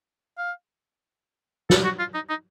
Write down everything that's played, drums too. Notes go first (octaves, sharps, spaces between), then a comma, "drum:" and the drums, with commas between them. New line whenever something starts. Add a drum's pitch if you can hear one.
F5
A4, drum: snare
F#4
F4
D#4
D#4